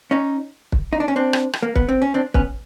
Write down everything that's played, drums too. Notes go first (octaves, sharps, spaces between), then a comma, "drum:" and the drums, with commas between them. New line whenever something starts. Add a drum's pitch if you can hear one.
C#4 D#4
drum: kick
D#4
D4
C#4
C4 D4
drum: rim click
drum: rim click
A#3
B3, drum: kick
C4
C#4
C4 D4
B3 C#4, drum: kick